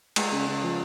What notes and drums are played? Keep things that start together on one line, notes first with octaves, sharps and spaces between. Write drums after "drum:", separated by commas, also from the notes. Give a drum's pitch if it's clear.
G#3, drum: cymbal
C#3
C#3
F3